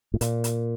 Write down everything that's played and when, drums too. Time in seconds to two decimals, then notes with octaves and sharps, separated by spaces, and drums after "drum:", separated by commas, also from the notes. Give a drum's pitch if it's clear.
0.14 A2
0.21 A#2, drum: hi-hat
0.44 drum: hi-hat